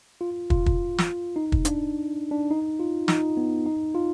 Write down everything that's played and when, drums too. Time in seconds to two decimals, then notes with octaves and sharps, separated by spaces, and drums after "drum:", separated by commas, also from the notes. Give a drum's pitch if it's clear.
0.21 F4
0.50 F4, drum: kick
0.66 drum: kick
0.98 drum: snare
1.36 D#4
1.52 drum: kick
1.65 D4, drum: hi-hat
2.31 D4
2.51 D#4
2.80 F4
3.08 D#4, drum: snare
3.37 B3
3.66 D#4
3.95 F4